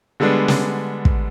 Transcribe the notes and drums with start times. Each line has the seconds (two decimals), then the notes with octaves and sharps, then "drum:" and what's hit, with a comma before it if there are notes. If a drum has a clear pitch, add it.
0.20 D3 G3 G#3 B3 D4
0.48 drum: snare
1.05 drum: kick